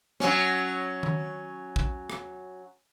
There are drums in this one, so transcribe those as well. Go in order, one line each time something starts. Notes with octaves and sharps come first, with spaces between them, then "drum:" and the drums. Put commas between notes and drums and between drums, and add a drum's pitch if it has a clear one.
F#3 C#4, drum: snare
drum: tom D#3
drum: kick
drum: rim click